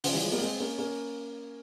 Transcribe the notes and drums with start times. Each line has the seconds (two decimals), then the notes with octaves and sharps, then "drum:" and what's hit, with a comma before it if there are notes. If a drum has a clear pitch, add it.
0.04 C#3 F3, drum: open hi-hat
0.13 E3 G3
0.23 F3 G#3
0.32 G3 A#3
0.41 G#3 C4
0.60 A#3 C#4
0.79 A#3 C#4